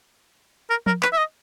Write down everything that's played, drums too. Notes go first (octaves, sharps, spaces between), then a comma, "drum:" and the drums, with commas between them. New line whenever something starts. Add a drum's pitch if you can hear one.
A#4
A#4, drum: tom F3
B4, drum: clap
E5
D#5